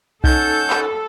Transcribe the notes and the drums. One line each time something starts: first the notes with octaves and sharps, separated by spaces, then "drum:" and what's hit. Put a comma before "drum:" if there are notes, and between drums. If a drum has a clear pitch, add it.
C#4 D#4 A4 F#5 A5 G6, drum: kick B1
drum: clap